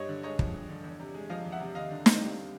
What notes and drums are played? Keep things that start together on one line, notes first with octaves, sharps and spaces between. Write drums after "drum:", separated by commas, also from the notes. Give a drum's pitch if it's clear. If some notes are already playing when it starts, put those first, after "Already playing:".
Already playing: G2 G3 C#5 D#5
D3
G#3 C#5 D#5
F3, drum: kick
G2
D3
E2
C3
G#3
F3 D#5 F5
E2
E5 F#5
C3
D#2 D#5 F5
D3
C4, drum: snare
G3